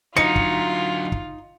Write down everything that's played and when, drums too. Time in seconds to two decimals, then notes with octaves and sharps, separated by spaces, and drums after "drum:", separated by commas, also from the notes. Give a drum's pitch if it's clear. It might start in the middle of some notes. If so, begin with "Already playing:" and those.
0.17 D3 F#3 D#4 F4 C#7
0.36 drum: kick
1.12 drum: kick